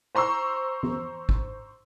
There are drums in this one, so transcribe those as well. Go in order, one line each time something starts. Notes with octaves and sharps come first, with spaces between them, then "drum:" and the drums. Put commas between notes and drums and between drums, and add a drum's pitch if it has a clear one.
C5 A#5 C6 C#6 E6
drum: tom
drum: kick G#1